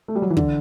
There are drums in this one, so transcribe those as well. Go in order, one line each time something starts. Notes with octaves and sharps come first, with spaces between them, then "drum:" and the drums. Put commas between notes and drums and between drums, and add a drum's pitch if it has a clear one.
A3
G3
F#3
E3
D3, drum: kick